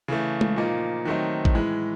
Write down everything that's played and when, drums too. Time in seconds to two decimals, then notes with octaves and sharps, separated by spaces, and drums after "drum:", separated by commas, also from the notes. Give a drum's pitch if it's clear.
0.08 C#3 E3 A3
0.41 drum: tom G#3
0.56 A#2 F3 A#3 D#4
1.05 D#3 F#3 A3 C4 D#4
1.45 drum: kick A1
1.54 A2 E3 G#3